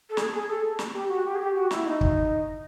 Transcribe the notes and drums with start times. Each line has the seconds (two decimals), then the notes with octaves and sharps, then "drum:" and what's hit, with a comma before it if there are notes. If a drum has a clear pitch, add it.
0.10 A4
0.17 G#4, drum: snare
0.33 G#4
0.48 A4
0.79 drum: snare
0.93 G4
1.09 F#4
1.25 G4
1.35 G#4
1.40 G4
1.56 F#4
1.71 E4, drum: snare
1.85 D#4
2.01 drum: kick